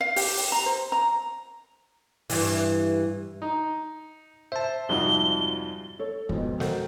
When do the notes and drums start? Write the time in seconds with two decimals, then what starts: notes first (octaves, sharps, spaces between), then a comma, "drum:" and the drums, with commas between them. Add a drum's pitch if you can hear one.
0.01 F5
0.16 G4, drum: open hi-hat
0.37 drum: open hi-hat
0.52 A#5
0.66 C5
0.92 A#5
2.30 G2 E3, drum: open hi-hat
3.42 D#4 A#5
4.52 C5 E5 A5
4.89 F2 G#2 C3 G3 F4 F#4 G7
5.99 A4 C#5
6.29 F2 G#2 B2, drum: kick
6.60 F#4 A4 A#4 C5 F#5 G5, drum: snare